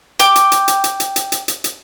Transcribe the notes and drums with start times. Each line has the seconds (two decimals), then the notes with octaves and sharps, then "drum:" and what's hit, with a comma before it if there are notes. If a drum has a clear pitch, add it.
0.19 G5 D6, drum: hi-hat
0.36 drum: hi-hat
0.52 drum: hi-hat
0.68 drum: hi-hat
0.84 drum: hi-hat
1.00 drum: hi-hat
1.16 drum: hi-hat
1.32 drum: hi-hat
1.48 drum: hi-hat
1.64 drum: hi-hat